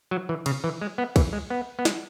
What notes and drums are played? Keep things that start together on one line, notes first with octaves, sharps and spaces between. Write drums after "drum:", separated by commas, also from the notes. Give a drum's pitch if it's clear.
F#3
E3
C#3, drum: cymbal
E3
G#3
B3
E3, drum: kick, cymbal
G#3
B3
B3
G#3, drum: snare